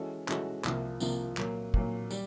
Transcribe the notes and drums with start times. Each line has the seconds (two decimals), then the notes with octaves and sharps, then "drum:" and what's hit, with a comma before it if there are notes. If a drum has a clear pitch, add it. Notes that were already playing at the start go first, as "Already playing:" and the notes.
Already playing: E3 G#3 C#4 F#4 A4
0.28 E3 G#3 C#4 F#4 A4, drum: clap
0.65 C2 C3 F3 A#3, drum: clap
1.00 C2 C3 F3 A#3, drum: tambourine
1.37 A#2 F#3 A#3, drum: clap
1.74 A#2 F#3 A#3, drum: kick
2.10 G3, drum: tambourine